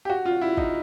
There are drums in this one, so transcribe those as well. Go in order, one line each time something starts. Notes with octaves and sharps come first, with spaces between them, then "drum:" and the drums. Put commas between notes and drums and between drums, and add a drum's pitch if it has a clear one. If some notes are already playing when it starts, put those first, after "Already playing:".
G4
F#4
F4
E4
D#4, drum: kick G#1